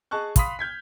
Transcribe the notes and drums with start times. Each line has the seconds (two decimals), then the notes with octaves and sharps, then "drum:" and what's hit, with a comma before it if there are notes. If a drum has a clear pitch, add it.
0.11 G#4 D#5 A5 C#6 F#6
0.36 F5 B5 C6 D#6 B6, drum: kick, hi-hat
0.59 F6 G6 G#6 B6